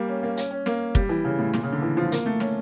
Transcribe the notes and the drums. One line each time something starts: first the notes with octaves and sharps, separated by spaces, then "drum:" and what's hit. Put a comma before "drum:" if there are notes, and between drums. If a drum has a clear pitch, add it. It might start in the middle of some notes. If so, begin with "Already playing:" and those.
Already playing: G3 A#3
C#4
A#3
C#4, drum: hi-hat
C#4
A#3, drum: snare
G3, drum: kick
E3
C#3
A2
A#2, drum: snare
C#3
D3
E3
F3
A#3, drum: hi-hat
A3
C#4, drum: snare